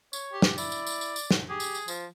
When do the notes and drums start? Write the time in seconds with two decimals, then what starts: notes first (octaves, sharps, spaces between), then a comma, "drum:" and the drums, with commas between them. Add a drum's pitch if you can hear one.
0.13 C#5, drum: tambourine
0.33 G4
0.42 drum: snare
0.58 E4 D5, drum: tambourine
0.72 drum: tambourine
0.86 drum: tambourine
1.01 drum: tambourine
1.16 drum: tambourine
1.31 drum: snare
1.49 G4 G#4
1.60 drum: tambourine
1.75 drum: tambourine
1.88 F3, drum: tambourine